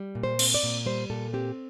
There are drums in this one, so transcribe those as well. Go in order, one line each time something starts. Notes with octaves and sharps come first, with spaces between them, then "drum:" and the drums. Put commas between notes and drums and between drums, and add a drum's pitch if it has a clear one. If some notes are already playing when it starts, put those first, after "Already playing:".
Already playing: G3
A#2
C5
C4, drum: cymbal
D5
A#2
G3 C5
A#2 A4
C4 G4